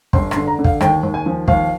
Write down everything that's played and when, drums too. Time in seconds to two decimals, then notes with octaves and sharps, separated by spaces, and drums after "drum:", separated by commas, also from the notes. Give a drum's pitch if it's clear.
0.13 G1 C6, drum: kick
0.31 C6, drum: rim click
0.36 D3
0.47 A#5
0.59 D3
0.64 F5, drum: kick
0.81 D#2 G5, drum: rim click
1.03 D#2
1.14 G#5
1.26 F3
1.48 D#2 F5, drum: kick